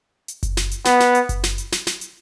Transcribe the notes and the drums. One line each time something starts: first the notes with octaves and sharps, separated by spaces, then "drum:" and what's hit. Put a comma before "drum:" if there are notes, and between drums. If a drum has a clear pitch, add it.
drum: hi-hat
drum: kick F#1, hi-hat
drum: snare
drum: hi-hat
B3, drum: snare
drum: snare
drum: hi-hat
drum: kick F#1, hi-hat
drum: snare
drum: hi-hat
drum: snare
drum: snare
drum: hi-hat